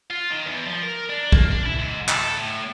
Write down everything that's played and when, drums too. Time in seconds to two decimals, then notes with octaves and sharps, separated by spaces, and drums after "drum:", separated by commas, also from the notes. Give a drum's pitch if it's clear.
0.11 F4
0.31 D#3
0.47 E2
0.66 F3
0.83 A#4
1.10 D4
1.32 A#3, drum: kick
1.51 D4
1.66 E4
1.79 G#2
2.08 A4, drum: clap
2.37 A2